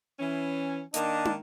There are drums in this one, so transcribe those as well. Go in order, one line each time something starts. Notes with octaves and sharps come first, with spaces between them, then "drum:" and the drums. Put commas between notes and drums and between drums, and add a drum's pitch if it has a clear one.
E3 C#4
D#3 A#3 D4 D#5, drum: hi-hat
drum: tom